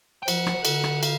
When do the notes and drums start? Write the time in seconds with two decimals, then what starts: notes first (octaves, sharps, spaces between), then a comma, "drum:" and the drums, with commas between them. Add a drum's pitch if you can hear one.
0.23 G5
0.28 F3 F#5, drum: cymbal
0.46 drum: rim click
0.65 D3 F#5, drum: cymbal
0.84 drum: rim click
1.03 F5, drum: cymbal